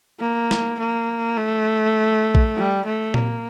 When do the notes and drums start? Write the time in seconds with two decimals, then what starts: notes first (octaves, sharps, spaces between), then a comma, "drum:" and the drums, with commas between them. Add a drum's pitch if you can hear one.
0.20 A#3
0.51 drum: snare
0.79 A#3
1.37 A3
2.35 drum: kick A#1
2.56 G3
2.86 A3
3.14 A#3, drum: tom A#2